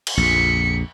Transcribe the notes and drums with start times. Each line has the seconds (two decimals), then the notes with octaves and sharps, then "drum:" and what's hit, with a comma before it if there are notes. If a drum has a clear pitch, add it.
0.07 drum: cymbal
0.17 A#1 F2 B6 C#7